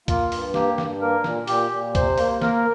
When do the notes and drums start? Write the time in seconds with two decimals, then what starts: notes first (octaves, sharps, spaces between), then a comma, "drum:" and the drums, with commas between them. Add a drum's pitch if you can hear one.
0.08 A#3 F4, drum: kick C#2, hi-hat
0.32 G2, drum: open hi-hat
0.54 A#3 G4, drum: snare
0.78 G2, drum: snare
1.01 A#3 A#4
1.24 A#2, drum: snare
1.47 A#2 G4, drum: open hi-hat
1.71 A#2
1.95 C3 C5, drum: kick C#2, hi-hat
2.18 A#3, drum: open hi-hat
2.42 A#3 A#4, drum: snare